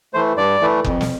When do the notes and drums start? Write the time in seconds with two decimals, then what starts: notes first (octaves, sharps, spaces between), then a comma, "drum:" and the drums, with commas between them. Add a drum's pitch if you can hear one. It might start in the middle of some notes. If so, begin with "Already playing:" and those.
0.14 E3 A3 C5
0.37 G2 D5
0.61 E3 A3
0.84 F2, drum: kick F#1
1.01 drum: snare